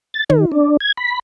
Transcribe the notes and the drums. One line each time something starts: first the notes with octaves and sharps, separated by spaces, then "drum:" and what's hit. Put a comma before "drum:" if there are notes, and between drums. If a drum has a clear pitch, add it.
A6
D#3, drum: tom
D4
G#6
B5